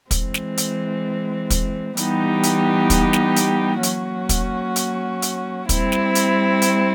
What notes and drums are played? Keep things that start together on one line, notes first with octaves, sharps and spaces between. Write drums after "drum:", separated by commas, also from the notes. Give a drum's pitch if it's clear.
E3 G#3 C4, drum: kick, hi-hat
drum: snare
drum: hi-hat
drum: kick, hi-hat
E3 G3 B3 D#4 G4, drum: hi-hat
drum: hi-hat
drum: kick, hi-hat
drum: snare
drum: hi-hat
F#3 A#3 C#4 F#4, drum: hi-hat
drum: kick, hi-hat
drum: hi-hat
drum: hi-hat
G3 C4 E4, drum: kick, hi-hat
drum: snare
drum: hi-hat
drum: hi-hat